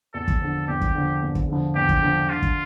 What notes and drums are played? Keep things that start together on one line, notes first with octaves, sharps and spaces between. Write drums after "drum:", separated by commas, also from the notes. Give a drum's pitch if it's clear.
E2 A4
drum: kick
D3 F3
E2 G4
drum: kick
D3 F3
E2
drum: kick
D3 F3
E2 G4
drum: kick
D3 F3
D3 F4
drum: kick